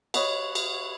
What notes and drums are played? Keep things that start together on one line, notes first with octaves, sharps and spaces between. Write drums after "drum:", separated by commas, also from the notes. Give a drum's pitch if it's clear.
C#5 D#5 F#5 B5, drum: cymbal
drum: cymbal